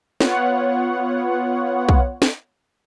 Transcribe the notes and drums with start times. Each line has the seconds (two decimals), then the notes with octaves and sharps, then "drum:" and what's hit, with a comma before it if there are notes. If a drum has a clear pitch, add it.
0.21 B3 F4 C#5 F#5, drum: snare
1.89 drum: kick
2.22 drum: snare